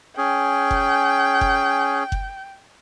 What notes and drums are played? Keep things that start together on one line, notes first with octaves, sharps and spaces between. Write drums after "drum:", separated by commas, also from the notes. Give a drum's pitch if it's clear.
C#4 G#4 G5
drum: kick F#1
drum: kick F#1
drum: kick F#1